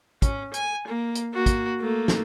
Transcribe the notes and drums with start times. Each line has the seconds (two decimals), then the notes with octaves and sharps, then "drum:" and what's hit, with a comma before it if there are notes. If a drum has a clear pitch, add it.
0.22 C#4, drum: kick, hi-hat
0.54 G#5, drum: hi-hat
0.87 A#3
1.15 drum: hi-hat
1.33 A#3 F#4
1.46 drum: kick, hi-hat
1.81 A3 A#3
2.08 drum: snare